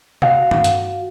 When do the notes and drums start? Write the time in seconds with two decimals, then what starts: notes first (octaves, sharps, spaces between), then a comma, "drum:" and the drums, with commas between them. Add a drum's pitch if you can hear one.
0.22 F#4 F5, drum: tom C3
0.51 drum: tom G2
0.64 drum: hi-hat